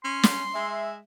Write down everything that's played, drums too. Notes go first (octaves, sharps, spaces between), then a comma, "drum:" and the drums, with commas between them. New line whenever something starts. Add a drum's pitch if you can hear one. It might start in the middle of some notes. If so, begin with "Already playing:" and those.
C#4 C6
drum: snare
G#3 E5